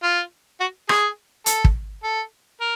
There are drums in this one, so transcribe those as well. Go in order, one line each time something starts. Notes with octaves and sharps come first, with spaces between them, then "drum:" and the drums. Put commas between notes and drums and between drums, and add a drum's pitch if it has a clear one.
F4
F#4
G#4, drum: rim click
A4, drum: hi-hat
drum: kick
A4
A#4